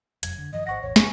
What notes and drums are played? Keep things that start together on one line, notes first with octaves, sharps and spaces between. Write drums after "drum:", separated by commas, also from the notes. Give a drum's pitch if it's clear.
F1 F#2 G#6, drum: hi-hat
D3
G2 D#3 F3 D#5
G#1 C5 F#5 C#6 A#6
E1 A1 C#5
G1 G#5 C#6, drum: snare